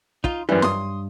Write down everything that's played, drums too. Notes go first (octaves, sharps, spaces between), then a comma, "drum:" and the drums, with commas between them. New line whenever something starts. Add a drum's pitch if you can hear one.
D#4 F4, drum: kick
F#2 E3 G3
G2 C6 D#6, drum: snare